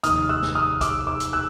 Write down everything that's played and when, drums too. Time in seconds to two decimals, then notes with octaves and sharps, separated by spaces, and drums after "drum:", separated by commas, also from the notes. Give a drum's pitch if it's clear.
0.03 F1 D#2 D#3 D#6 F6, drum: hi-hat
0.29 E6 F#6
0.42 drum: snare
0.55 D#6 F6
0.81 D6 E6, drum: kick B1, hi-hat
1.07 D6 E6
1.20 drum: hi-hat
1.33 E6 F#6